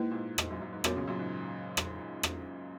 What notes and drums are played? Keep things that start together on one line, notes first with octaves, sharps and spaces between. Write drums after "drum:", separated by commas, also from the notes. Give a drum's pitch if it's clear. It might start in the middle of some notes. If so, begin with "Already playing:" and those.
Already playing: G#2 A#3 E4 B4
A#2
G#2
G#2, drum: rim click
F#2
F#2
G#2
F#2 A#2 B3 F#4 A#4 C#5, drum: rim click
A#2 C#3
F#2 A#2
G#2
drum: rim click
drum: rim click